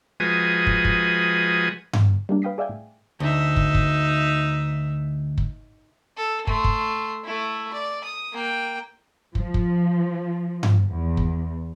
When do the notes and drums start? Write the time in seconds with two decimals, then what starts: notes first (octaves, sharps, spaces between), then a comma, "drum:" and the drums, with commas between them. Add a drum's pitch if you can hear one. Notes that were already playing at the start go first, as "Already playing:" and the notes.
0.20 F3 G#3 F#4 B4 G#5 D#6
0.67 drum: kick
0.85 drum: kick
1.93 drum: tom G2
2.29 G3 A#3 D4
2.42 B4 F5 G5 D#6 B6 C7
2.58 G#4 D5 E5 F5 G5 G#5
2.69 A2
3.20 D2 D#4 E5
3.56 drum: kick
3.75 drum: kick
5.38 drum: kick
6.17 A4
6.47 A3 C6, drum: kick
6.64 drum: kick
7.24 A3 E4
7.73 D5
8.04 D#6
8.33 A#3 G5
9.35 F3, drum: kick
9.54 drum: kick
10.63 drum: tom G2
10.90 E2
11.17 drum: kick